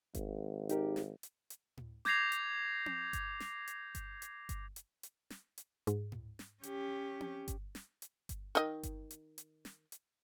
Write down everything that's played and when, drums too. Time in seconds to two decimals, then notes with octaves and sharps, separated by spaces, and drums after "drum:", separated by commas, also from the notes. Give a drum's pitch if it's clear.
0.15 G#1, drum: kick G1, hi-hat
0.69 D#4 G4 A#4, drum: hi-hat
0.96 drum: snare
1.23 drum: hi-hat
1.50 drum: hi-hat
1.77 drum: tom A2
2.05 D6 G6 G#6 A#6 C7 F7, drum: snare
2.32 drum: hi-hat
2.86 drum: tom C4
3.13 drum: kick G1, hi-hat
3.40 drum: snare
3.67 drum: hi-hat
3.95 drum: kick G1, hi-hat
4.22 drum: hi-hat
4.49 drum: kick G1, hi-hat
4.76 drum: hi-hat
5.03 drum: hi-hat
5.30 drum: snare
5.58 drum: hi-hat
5.87 G#2, drum: hi-hat
6.12 drum: tom A2
6.39 drum: snare
6.63 C#4 G4, drum: hi-hat
7.20 drum: tom C4
7.48 drum: kick G1, hi-hat
7.75 drum: snare
8.02 drum: hi-hat
8.29 drum: kick G1, hi-hat
8.55 D#3 D#5, drum: hi-hat
8.83 drum: kick G1, hi-hat
9.11 drum: hi-hat
9.38 drum: hi-hat
9.65 drum: snare
9.92 drum: hi-hat